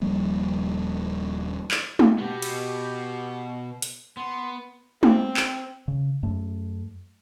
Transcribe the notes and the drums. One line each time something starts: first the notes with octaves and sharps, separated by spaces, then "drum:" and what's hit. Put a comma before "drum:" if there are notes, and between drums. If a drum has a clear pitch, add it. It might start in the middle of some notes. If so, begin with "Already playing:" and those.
D#1 F3 G3 A#3
drum: clap
drum: tom G#3
B2 B3 G4
drum: cymbal
drum: hi-hat
B3 C6
C4, drum: tom G#3
drum: clap
C#3
F#2 A3